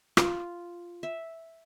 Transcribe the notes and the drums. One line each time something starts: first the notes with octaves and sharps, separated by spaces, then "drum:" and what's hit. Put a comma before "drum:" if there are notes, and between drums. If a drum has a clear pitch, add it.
F4, drum: rim click
E5